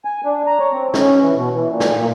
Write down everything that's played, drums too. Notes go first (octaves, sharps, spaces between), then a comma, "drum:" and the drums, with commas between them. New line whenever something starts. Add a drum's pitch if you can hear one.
G#5
D4
A#5
C#5
C4
C#4, drum: snare
E3
B2
E3
A#2
drum: snare
A#2